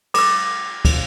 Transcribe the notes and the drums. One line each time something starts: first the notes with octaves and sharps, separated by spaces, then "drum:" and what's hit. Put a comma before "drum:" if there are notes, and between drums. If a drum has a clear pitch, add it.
D6 E6, drum: cymbal
drum: kick, cymbal